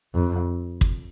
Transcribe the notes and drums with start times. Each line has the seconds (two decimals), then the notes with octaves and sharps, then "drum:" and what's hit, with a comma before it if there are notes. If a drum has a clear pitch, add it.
0.14 F2
0.81 drum: kick